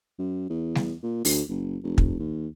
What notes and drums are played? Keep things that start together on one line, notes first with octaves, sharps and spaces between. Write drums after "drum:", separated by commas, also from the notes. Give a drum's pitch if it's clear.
F#2
E2
drum: snare
A#2
D2, drum: open hi-hat
F#1
F1
drum: kick
D#2